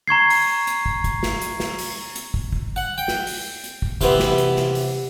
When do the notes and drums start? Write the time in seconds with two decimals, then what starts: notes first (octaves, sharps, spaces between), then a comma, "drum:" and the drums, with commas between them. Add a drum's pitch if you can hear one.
0.08 A#5 C#6 G#6 C7
0.30 drum: open hi-hat
0.67 drum: hi-hat
0.86 drum: kick
1.04 drum: kick, hi-hat
1.23 drum: snare
1.41 drum: hi-hat
1.60 drum: snare
1.78 drum: open hi-hat
2.15 drum: hi-hat
2.34 drum: kick
2.53 drum: kick
2.76 F#5
2.98 G5
3.08 drum: snare
3.27 drum: open hi-hat
3.64 drum: hi-hat
3.82 drum: kick
4.01 C3 E3 B3, drum: kick, hi-hat
4.19 drum: snare
4.38 drum: hi-hat
4.56 drum: snare
4.75 drum: open hi-hat